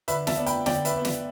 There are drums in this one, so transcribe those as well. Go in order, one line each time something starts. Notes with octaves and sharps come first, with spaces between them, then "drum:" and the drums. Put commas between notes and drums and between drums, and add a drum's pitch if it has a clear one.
D3 B4 E5, drum: hi-hat
E5 A5, drum: snare
B3 D4
G5 B5, drum: hi-hat
D3 D5 G5, drum: snare
B4 E5, drum: hi-hat
B3 D4
drum: snare